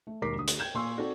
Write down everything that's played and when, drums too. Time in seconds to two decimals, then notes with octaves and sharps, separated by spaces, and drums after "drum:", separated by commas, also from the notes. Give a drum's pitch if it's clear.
0.07 A3
0.22 E1 D#2 A#4 D6 B6 C7
0.36 D2 D#6
0.48 drum: hi-hat
0.59 G5 G6 G#6 E7
0.74 A#2 G#5 C6 C#6 E6
0.97 C4 D#4 F#4 A4 D5